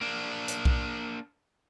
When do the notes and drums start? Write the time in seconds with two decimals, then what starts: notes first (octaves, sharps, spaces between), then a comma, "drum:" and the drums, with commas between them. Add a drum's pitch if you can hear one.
0.01 A#3 D4
0.48 drum: hi-hat
0.65 drum: kick B1